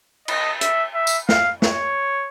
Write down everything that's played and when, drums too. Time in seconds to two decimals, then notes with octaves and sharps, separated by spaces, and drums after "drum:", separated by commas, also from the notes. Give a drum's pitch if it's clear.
0.28 D#5, drum: cymbal
0.61 E5, drum: hi-hat
0.95 E5
1.07 drum: tambourine
1.29 F5, drum: snare
1.62 C#5, drum: snare